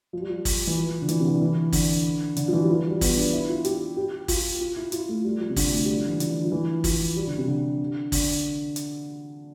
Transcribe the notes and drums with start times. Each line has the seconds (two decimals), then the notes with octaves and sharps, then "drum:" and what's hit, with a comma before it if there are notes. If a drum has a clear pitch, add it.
0.13 F3
0.21 G3
0.30 F3
0.45 drum: kick, open hi-hat
0.67 E3
0.77 F3
1.02 D3
1.09 E3, drum: hi-hat
1.20 C3
1.25 D3
1.41 E3
1.73 D3, drum: kick, open hi-hat
2.36 D3, drum: hi-hat
2.48 F3
2.53 E3
2.63 G3
2.69 F3
2.79 F3
2.90 G3
3.01 B3, drum: kick, open hi-hat
3.17 D4
3.33 E4
3.49 F4
3.65 G4, drum: hi-hat
3.97 G4
4.28 F4, drum: kick, open hi-hat
4.61 F4
4.76 E4
4.92 F4, drum: hi-hat
5.09 A3
5.24 G3
5.40 F3
5.50 C3
5.56 D3, drum: kick, open hi-hat
5.73 A3
5.85 G3
5.96 F3
6.09 E3
6.20 D3, drum: hi-hat
6.44 F3
6.52 E3
6.84 F3, drum: kick, open hi-hat
7.16 G3
7.27 D3
7.38 C3
7.48 D3
8.12 D3, drum: kick, open hi-hat
8.76 drum: hi-hat